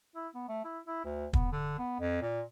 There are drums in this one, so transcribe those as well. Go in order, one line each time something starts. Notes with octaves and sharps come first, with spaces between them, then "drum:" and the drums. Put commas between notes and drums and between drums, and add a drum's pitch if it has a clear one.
E4
B3
A3
E4
E4
D2
B3, drum: kick
D3
B3
F2
A#2